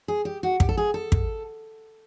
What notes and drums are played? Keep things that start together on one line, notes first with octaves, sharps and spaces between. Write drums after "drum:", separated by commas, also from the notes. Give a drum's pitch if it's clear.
G#4
G4
F#4
G4, drum: kick
A4
G#4
A4
drum: kick